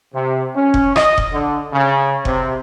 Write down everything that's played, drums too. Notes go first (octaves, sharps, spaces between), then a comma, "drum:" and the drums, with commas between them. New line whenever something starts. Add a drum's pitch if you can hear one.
C3
C#4
drum: kick F#1
D#5, drum: rim click
drum: kick F#1
D3
C#3
C3, drum: kick F#1